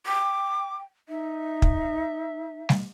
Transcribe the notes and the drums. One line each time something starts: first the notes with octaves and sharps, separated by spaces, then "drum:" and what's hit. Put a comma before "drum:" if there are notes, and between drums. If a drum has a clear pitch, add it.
G5 D6
D#4 E5
drum: kick
drum: snare G3